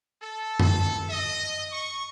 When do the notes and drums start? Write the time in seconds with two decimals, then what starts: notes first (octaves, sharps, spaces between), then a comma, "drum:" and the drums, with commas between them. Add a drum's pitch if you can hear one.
0.21 A4
0.60 A4, drum: tom F#2
1.09 D#5
1.71 C#6